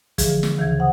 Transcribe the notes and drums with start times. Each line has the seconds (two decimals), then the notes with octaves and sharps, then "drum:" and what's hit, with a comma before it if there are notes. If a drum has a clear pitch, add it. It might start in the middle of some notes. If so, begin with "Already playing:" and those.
0.18 D3 E3 F3 G#4, drum: kick, hi-hat
0.43 drum: snare
0.57 D2 C#3 E3 G#4 G#6
0.78 C5 F#5 D#6